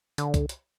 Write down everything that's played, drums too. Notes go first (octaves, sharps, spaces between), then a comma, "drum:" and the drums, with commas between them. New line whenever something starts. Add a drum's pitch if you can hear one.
D3, drum: hi-hat
drum: kick, hi-hat
drum: hi-hat